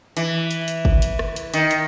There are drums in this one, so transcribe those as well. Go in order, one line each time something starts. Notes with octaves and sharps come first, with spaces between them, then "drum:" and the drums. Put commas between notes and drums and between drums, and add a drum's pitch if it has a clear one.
E3, drum: hi-hat
drum: hi-hat
drum: hi-hat
drum: kick
drum: hi-hat
drum: rim click
drum: hi-hat
D#3, drum: hi-hat
drum: hi-hat